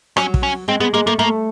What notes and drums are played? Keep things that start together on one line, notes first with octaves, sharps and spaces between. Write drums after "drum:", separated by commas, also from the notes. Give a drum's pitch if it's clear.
F#3 C#4, drum: rim click
drum: kick
C#4
G#3 C4
G#3 B3
G#3 A#3
A3 A#3
A3 A#3